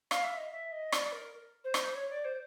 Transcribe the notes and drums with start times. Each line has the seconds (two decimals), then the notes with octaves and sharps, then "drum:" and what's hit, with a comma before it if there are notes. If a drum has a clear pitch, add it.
0.11 F5, drum: rim click
0.24 E5
0.37 D#5
0.52 E5
0.72 D#5
0.92 D5, drum: rim click
1.12 A#4
1.64 C5
1.74 drum: rim click
1.95 C#5
2.10 D5
2.24 C5